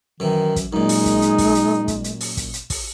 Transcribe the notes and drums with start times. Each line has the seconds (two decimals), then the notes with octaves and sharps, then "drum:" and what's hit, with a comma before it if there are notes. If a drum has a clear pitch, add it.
0.20 F#2 D#3 E3
0.56 drum: kick, hi-hat
0.73 F#2 A#2 G#3 D#4
0.89 drum: open hi-hat
1.06 drum: kick, hi-hat
1.22 drum: hi-hat
1.38 drum: kick, open hi-hat
1.55 drum: hi-hat
1.88 drum: kick, hi-hat
2.04 drum: hi-hat
2.21 drum: open hi-hat
2.37 drum: kick, hi-hat
2.54 drum: hi-hat
2.70 drum: kick, open hi-hat